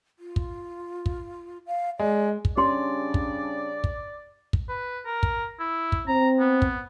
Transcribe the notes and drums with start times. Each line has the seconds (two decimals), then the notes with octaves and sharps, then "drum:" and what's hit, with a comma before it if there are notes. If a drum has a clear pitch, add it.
0.19 F4
0.36 drum: kick
1.06 drum: kick
1.67 F5
1.99 G#3 D5
2.45 drum: kick
2.57 C#3 G3 C#4 D4 G4 D5 C6
3.14 drum: kick
3.84 drum: kick
4.53 drum: kick
4.69 B4
5.05 A#4
5.23 drum: kick
5.59 E4
5.92 drum: kick
6.07 C4 A#5
6.40 B3
6.62 drum: kick